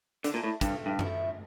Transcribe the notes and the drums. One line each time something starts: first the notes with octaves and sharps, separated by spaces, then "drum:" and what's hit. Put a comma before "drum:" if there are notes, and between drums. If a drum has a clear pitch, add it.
D3 A3 D4 A4, drum: hi-hat
A#2
A2
G2 E3 A3 C4 F4, drum: kick, hi-hat
G2
F3 A3 E4, drum: tom F#2